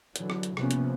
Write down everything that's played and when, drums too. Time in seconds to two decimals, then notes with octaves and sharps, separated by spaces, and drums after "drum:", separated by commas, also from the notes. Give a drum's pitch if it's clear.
0.16 D3 E3 F#3, drum: hi-hat
0.30 drum: rim click
0.43 drum: hi-hat
0.57 C3 F3 A#3 B3 C#4, drum: rim click
0.71 drum: hi-hat